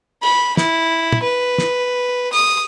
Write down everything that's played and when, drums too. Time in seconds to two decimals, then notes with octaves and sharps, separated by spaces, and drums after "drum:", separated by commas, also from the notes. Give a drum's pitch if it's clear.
0.23 B5, drum: cymbal
0.57 E4, drum: snare
1.12 drum: tom
1.23 B4
1.58 drum: snare
2.33 D#6, drum: open hi-hat